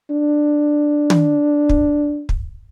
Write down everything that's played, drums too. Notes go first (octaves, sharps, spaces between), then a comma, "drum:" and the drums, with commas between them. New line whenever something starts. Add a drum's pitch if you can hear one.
D4
drum: tom
drum: kick
drum: kick